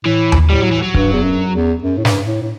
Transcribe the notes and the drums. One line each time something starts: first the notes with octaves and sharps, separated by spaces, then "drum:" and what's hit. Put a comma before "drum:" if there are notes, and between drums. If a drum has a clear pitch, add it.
A2 E3
drum: tom D#2
A2 G3
F#3
E3
F#3
G2, drum: kick
E2
F#2
E2
F#2
A2
G2, drum: snare
A2
A2